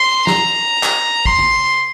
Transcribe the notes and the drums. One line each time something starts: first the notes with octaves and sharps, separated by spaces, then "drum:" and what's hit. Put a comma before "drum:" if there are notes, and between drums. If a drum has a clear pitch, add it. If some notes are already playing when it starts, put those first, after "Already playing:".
Already playing: C6
A#5, drum: snare
drum: clap
C6, drum: kick
drum: tom C#3